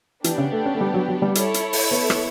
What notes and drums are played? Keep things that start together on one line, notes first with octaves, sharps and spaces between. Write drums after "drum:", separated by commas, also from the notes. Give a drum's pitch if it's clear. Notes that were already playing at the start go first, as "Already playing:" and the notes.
E3 B3 D4 G4, drum: hi-hat
C#3
A3
C#4
A3
G3
F#3
F#3
G3
E4 A4 C#5, drum: hi-hat
drum: hi-hat
drum: open hi-hat
B3
drum: rim click